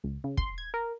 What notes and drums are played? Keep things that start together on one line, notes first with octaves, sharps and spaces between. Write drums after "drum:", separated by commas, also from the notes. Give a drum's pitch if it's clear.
C#2
C#3
C6, drum: kick
G#6
A#4